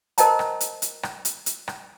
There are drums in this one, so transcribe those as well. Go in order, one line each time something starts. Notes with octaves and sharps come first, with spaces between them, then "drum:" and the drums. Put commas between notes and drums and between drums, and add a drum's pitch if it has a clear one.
A#4 C5 D#5 G5 A5 A#5, drum: hi-hat
drum: rim click
drum: hi-hat
drum: hi-hat
drum: rim click
drum: hi-hat
drum: hi-hat
drum: rim click